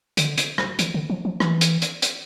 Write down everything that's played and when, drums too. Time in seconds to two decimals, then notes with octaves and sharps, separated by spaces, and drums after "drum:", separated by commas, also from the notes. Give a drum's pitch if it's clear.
0.17 D3, drum: hi-hat
0.38 drum: hi-hat
0.58 drum: rim click
0.79 E3, drum: hi-hat
0.94 D3
1.10 F3
1.25 F3
1.40 E3, drum: rim click
1.61 drum: hi-hat
1.82 drum: hi-hat
2.02 drum: hi-hat